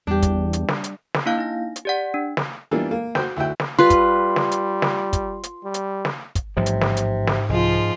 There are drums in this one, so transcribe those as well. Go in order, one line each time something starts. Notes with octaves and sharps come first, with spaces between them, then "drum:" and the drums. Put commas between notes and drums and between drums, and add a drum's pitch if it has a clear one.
E2 G3 D4 G4
drum: kick, hi-hat
drum: hi-hat
drum: snare
drum: hi-hat
drum: snare
A#3 D4 E4 F5 G6
D#4 A#6
drum: hi-hat
G4 D5 F#5
D4
drum: snare
E3 G3 A#3 B3 D4 F4
A#3
F#4 C5 G5, drum: snare
D2 E4 F#4 G5
drum: snare
G3 F4 B4 C6
drum: kick, hi-hat
drum: snare
drum: hi-hat
drum: snare
drum: kick, hi-hat
drum: hi-hat
G3
drum: hi-hat
drum: snare
drum: kick, hi-hat
A1 G#2 C3 F3 G3
drum: hi-hat
drum: snare
drum: hi-hat
drum: snare
C2 F3 G#3 F4